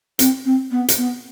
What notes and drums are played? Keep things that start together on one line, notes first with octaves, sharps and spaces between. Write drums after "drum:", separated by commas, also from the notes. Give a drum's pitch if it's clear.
C4, drum: hi-hat
C4
B3
drum: hi-hat
B3